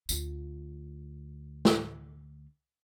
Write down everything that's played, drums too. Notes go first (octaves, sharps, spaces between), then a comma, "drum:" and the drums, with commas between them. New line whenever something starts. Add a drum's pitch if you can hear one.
D2 F4, drum: tambourine
drum: snare